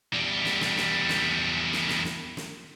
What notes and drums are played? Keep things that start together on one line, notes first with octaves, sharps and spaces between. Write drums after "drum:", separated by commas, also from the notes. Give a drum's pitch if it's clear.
E2 G3
drum: snare
drum: snare
drum: snare
drum: snare
drum: snare
drum: snare
drum: snare
drum: snare